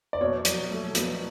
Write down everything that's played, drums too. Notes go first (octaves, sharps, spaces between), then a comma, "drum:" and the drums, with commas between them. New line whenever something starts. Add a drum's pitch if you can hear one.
D5
B2 C#5
F#3, drum: hi-hat
A3
B2, drum: hi-hat